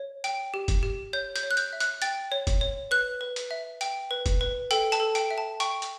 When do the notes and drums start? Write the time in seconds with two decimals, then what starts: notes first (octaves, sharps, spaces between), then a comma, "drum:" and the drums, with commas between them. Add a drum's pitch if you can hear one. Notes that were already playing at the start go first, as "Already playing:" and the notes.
Already playing: C#5
0.24 G5, drum: hi-hat
0.54 G4
0.68 drum: kick, hi-hat
0.83 G4
1.13 C#5 G6
1.36 G6, drum: hi-hat
1.43 C#5
1.51 F#6
1.57 G6, drum: hi-hat
1.73 E5
1.80 F#6, drum: hi-hat
2.02 G5 A6, drum: hi-hat
2.32 C#5
2.47 drum: kick, hi-hat
2.61 C#5
2.91 B4 F#6
3.21 B4
3.36 drum: hi-hat
3.51 E5
3.81 G5, drum: hi-hat
4.11 B4
4.26 drum: kick, hi-hat
4.41 B4
4.71 A4 G5, drum: hi-hat
4.92 A5, drum: hi-hat
5.00 A4
5.15 G5, drum: hi-hat
5.31 E5
5.38 A5
5.60 G5 C#6, drum: hi-hat
5.82 drum: hi-hat